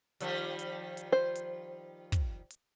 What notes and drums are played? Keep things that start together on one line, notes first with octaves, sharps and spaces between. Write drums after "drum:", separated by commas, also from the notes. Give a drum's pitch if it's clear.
D#3 F3 G3, drum: hi-hat
drum: hi-hat
drum: hi-hat
C5
drum: hi-hat
drum: kick, hi-hat
drum: hi-hat